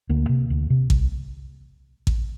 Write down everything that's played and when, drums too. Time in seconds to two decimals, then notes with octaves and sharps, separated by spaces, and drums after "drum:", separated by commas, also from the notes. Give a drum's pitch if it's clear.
0.09 D2 A#3
0.29 C3
0.50 D2
0.70 C3
0.90 C2, drum: kick A1
2.07 drum: kick A1